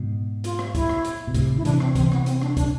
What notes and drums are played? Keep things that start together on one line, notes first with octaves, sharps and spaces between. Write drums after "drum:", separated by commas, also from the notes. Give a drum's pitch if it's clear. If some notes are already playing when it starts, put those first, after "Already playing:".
Already playing: G#2 B2
F4, drum: hi-hat
drum: rim click
E4, drum: kick, hi-hat
drum: rim click
drum: hi-hat
B2
A2 C3, drum: kick, hi-hat
D3 E4
C3 E3 D4, drum: hi-hat
C4, drum: rim click
C3 E3 C4, drum: kick, hi-hat
B3, drum: rim click
C4, drum: hi-hat
D4, drum: rim click
D4, drum: kick, hi-hat